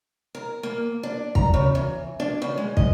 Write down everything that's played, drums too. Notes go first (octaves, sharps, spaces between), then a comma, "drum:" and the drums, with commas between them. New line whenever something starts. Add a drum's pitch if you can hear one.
A#4
A#3
D4
A#5, drum: kick
C#3
E3
D4
C#3
G#3
D#5, drum: kick